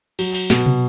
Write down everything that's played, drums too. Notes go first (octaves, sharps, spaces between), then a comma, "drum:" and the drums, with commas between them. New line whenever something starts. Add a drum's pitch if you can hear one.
F#3, drum: cymbal
drum: cymbal
B2, drum: snare
drum: tom